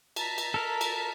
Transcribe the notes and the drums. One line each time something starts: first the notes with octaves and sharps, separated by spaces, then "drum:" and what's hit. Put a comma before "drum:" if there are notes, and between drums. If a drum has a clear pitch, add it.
A5 A#5 B6, drum: cymbal
drum: cymbal
A4 A#4
drum: cymbal